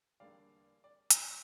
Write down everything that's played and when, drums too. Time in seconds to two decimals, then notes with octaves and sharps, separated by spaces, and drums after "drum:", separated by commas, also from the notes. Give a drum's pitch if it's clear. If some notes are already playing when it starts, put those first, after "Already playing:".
0.20 E2 D3 G3 A#3 D4 D5 F5
0.84 D5
1.11 drum: hi-hat